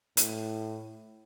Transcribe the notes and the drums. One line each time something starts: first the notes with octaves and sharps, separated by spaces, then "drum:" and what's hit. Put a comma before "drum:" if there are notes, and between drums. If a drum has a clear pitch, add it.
A2, drum: hi-hat